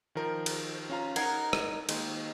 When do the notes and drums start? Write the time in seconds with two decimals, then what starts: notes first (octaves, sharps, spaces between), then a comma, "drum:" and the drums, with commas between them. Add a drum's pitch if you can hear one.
0.15 D#3 F3 A#4
0.46 drum: cymbal
0.90 C#4 F4 A#5
1.16 D#4 A#4 F#5 G#6 C7, drum: cymbal
1.53 drum: rim click
1.89 D#3 G#3 A#3, drum: cymbal